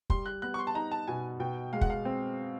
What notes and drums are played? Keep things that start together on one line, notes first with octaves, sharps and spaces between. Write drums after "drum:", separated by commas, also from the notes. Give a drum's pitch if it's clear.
G3 C6, drum: kick
F#6
B3 F#6
C#6
C6
A5
D#4 A#5
A5
B2 G#5
B2 G5
G#3 F5
F#5, drum: kick
F5
C4